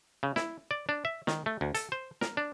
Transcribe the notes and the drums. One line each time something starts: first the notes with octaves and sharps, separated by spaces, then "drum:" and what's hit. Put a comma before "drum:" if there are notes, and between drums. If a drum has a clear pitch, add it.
C#3
E4, drum: snare
D5
D4
E5
D#3, drum: snare
A3
D2
A4, drum: hi-hat
C5
A#4, drum: snare
D4